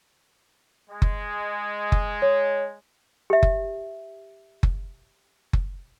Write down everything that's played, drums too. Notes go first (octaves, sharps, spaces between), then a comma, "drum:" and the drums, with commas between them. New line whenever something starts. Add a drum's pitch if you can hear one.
G#3
drum: kick F#1
drum: kick F#1
C#5
G4 E5
drum: kick F#1
drum: kick F#1
drum: kick F#1